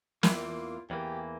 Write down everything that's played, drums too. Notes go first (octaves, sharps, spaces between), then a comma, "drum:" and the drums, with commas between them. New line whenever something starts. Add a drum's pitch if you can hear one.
E2 E3 A#3 F4, drum: snare
E2 E3 A#3 G4